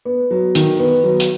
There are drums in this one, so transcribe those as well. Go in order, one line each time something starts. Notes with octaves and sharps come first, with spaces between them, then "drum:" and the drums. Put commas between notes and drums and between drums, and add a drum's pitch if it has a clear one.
B3
F#3
D#3, drum: hi-hat
B3
F#3
drum: hi-hat